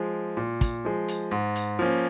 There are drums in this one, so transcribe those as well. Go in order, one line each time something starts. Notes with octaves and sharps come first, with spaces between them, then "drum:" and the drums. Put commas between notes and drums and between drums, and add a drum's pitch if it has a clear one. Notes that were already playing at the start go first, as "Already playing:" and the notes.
Already playing: F3 G#3
A#2
drum: kick, hi-hat
F3 G#3
drum: hi-hat
G#2
drum: hi-hat
F3 A#3 C#4